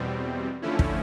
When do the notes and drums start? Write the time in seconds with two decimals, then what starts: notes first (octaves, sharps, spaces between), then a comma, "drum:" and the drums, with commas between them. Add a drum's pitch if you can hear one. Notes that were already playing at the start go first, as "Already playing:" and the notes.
Already playing: E2 B2 G3 C4
0.62 D3 F3 A3 C#4 E4
0.79 drum: kick